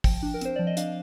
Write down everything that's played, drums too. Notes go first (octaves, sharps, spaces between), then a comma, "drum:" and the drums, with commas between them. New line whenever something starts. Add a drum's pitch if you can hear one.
F3 G5, drum: kick, open hi-hat
D4
A#4
C4 C5, drum: hi-hat
F3 D5
D#5
D4 F5, drum: hi-hat